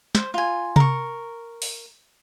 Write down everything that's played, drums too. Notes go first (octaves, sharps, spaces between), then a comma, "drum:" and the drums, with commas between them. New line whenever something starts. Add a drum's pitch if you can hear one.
C5, drum: snare
F4 G#5
A#4 C#6, drum: tom C3
drum: open hi-hat